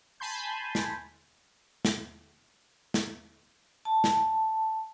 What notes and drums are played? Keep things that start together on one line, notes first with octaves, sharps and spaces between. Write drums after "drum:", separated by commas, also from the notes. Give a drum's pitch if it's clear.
G#5 A5 B5 C6 G6
drum: snare
drum: snare
drum: snare
A5
drum: snare